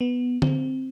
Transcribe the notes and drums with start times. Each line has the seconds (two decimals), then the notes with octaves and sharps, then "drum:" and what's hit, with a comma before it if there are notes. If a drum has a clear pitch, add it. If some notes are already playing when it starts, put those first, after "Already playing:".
0.01 B3
0.42 C4, drum: tom D3